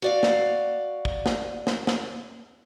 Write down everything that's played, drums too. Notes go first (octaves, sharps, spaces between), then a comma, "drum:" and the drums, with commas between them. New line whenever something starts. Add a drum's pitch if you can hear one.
F#4 D5 F5
drum: snare
drum: kick
drum: snare
drum: snare
drum: snare